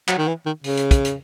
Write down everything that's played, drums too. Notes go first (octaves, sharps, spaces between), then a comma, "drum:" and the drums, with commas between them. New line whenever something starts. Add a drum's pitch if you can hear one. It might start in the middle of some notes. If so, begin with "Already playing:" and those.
F#3, drum: clap
D#3
E3
D#3
C#3, drum: open hi-hat
drum: hi-hat
drum: kick, hi-hat
drum: hi-hat